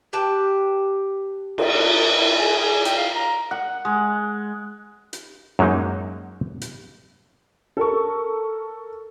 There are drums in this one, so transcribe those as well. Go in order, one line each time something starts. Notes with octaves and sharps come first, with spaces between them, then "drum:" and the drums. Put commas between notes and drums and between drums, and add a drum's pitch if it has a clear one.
G4 B4 G5 A5
drum: cymbal
E4
G#4
G#4
G5, drum: hi-hat
F5
A#5
F#5
G#3
drum: hi-hat
F#2 F#3 G#3 A#3 D#4
drum: hi-hat
A4 A#4 C#6